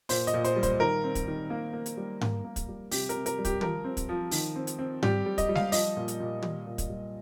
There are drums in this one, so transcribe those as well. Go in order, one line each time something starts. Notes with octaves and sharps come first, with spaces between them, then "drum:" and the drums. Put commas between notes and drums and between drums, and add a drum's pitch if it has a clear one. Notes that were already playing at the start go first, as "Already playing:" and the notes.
A#2 C5, drum: open hi-hat
D#5, drum: hi-hat
A#2
C5, drum: hi-hat
G3
C5, drum: kick, hi-hat
D#3 A#4
C4
drum: kick, hi-hat
D#3
A#3
A#3
drum: hi-hat
G3
A#3, drum: tom G#2
A#3
drum: kick, hi-hat
G3
C3 G4, drum: open hi-hat
A#4, drum: hi-hat
C3
A#4, drum: hi-hat
G3
G4, drum: kick, hi-hat
F3 A#4, drum: tom
C4
drum: kick, hi-hat
F3
D#3, drum: open hi-hat
C4
drum: hi-hat
C4
G3 G4, drum: tom G#2
G3
D#5, drum: kick, hi-hat
G3
F5, drum: snare G#3
F3 D#5, drum: open hi-hat
A#2
drum: hi-hat
A#2
G3, drum: tom
A#2
drum: kick, hi-hat
G3